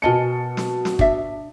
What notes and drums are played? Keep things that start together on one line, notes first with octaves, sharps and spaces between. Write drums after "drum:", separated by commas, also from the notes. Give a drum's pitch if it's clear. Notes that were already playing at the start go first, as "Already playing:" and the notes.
B2 A#4 D#5 G#5 A5 C#7
drum: snare
drum: snare
D4 E5, drum: kick